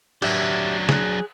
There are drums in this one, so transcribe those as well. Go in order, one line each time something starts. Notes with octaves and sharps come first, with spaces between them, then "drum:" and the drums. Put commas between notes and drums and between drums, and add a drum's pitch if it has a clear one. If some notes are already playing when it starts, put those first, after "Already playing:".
F#3 D4 G4 E5, drum: cymbal
G#4 F#6, drum: snare